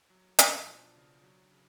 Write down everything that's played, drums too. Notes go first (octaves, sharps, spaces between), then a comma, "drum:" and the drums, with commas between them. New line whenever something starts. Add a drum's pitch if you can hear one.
F#3
B2 D#4, drum: hi-hat
F3 D4
C#3
F#3
C#3